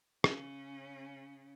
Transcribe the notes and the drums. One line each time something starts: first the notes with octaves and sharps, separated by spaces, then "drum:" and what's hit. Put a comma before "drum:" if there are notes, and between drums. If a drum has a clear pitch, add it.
C#3 C#4, drum: rim click